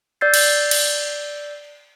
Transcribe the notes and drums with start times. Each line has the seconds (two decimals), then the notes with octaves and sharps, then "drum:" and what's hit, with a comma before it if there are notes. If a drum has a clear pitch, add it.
0.21 D5 E6 G6 A6 C7
0.34 drum: cymbal
0.71 drum: cymbal